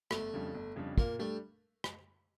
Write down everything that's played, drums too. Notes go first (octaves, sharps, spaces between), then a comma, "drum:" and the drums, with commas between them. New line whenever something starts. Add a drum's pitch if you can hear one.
G1 A3, drum: rim click
F2 C#3 G3 D4
G1
F2 C#3 G3 D4
A#2 A#3, drum: kick
G3 A3 D4 G4
drum: rim click